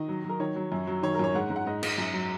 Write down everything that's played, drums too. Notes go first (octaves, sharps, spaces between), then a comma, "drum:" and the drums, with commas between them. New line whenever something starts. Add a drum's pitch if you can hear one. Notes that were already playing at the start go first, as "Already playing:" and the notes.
Already playing: D#3 D#5
F#3
F#3
A#4
D#3 C#5
F#3
F#2
F#3
D#3 C#5
A#4
F#2 C#5
G#2 F#5
G#2
F#5
G#2 D#5
G#2, drum: cymbal
F#2
F#3